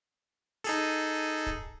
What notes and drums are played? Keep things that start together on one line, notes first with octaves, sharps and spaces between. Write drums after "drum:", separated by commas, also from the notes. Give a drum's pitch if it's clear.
D#4 G#4 A4, drum: open hi-hat
drum: kick